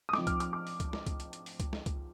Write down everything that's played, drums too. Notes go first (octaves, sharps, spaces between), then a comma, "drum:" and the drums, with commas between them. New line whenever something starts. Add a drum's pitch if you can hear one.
D#6
F3 C4 D#4 D6, drum: snare
F6, drum: kick C#2, hi-hat
D6, drum: hi-hat
D6
drum: open hi-hat
drum: kick C#2, hi-hat
drum: snare
drum: kick C#2, hi-hat
drum: hi-hat
drum: hi-hat
drum: open hi-hat
drum: kick C#2, hi-hat
drum: snare
drum: kick C#2, hi-hat